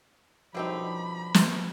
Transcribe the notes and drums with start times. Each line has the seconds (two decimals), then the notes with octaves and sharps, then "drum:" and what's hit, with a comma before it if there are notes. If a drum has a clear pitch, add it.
0.55 F#2 B2 D3 F3 G3 C4 D#4 B5
1.34 drum: snare